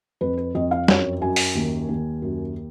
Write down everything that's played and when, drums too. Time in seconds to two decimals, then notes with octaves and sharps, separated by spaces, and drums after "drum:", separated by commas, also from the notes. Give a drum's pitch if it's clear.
0.21 F2 B4
0.38 B4
0.55 F2 D#5
0.71 F5
0.88 F#2 C#5, drum: snare
1.21 F#2 G#5
1.36 drum: open hi-hat
1.55 D#2
1.89 D#2
2.22 F#2